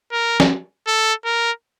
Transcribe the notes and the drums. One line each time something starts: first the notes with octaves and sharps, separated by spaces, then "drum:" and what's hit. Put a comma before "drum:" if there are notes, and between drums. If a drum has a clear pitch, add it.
A#4
drum: snare
A4
A#4